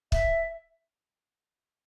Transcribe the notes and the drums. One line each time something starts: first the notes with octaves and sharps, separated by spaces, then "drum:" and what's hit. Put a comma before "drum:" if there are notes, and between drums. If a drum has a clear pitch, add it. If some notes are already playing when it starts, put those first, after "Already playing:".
E5, drum: kick